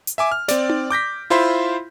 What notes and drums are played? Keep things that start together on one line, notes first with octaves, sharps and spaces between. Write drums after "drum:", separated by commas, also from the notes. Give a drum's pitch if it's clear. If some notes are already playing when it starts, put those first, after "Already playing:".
drum: hi-hat
E5 G#5 D6
F6
C4 D5, drum: snare
drum: tom D#4
D6 G6 A#6 B6
E4 F4 C5 E5 B5 C6